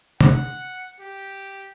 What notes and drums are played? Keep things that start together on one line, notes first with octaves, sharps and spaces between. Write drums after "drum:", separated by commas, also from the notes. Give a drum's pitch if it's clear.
F#5, drum: tom
G4